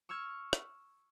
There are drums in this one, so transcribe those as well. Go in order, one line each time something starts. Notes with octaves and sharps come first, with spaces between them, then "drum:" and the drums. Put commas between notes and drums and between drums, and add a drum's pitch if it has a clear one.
C#6 E6 F6 G#6
drum: rim click